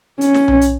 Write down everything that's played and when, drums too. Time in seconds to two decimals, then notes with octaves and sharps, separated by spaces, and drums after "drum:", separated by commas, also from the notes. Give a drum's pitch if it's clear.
0.21 C#4, drum: hi-hat
0.34 drum: snare
0.48 drum: tom B1
0.61 drum: hi-hat